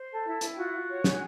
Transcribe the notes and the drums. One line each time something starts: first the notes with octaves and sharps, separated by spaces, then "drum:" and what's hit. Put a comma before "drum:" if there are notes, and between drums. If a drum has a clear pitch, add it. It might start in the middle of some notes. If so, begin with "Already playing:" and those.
Already playing: C5
A4
E4
E4, drum: hi-hat
G5
F4 F#4 F#5
F4
C#5
G#4, drum: snare